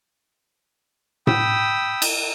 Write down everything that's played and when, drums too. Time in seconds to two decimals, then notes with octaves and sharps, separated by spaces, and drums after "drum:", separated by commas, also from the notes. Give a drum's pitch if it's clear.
1.27 G5 B5 D#6 E6, drum: tom A2
2.02 drum: cymbal